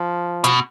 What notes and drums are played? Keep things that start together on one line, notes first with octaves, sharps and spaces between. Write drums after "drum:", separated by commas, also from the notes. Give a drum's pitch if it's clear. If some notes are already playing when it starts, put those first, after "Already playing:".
Already playing: F3
B2, drum: hi-hat